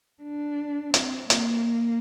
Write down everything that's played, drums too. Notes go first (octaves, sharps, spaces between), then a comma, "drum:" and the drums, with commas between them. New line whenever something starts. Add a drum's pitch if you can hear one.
D4
C4, drum: hi-hat
A#3, drum: hi-hat